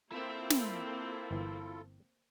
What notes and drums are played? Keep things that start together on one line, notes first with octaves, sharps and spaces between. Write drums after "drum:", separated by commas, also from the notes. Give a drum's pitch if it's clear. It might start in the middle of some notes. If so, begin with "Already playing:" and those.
A#3 C4 E4 F4 A4 E5
drum: snare
G1 E3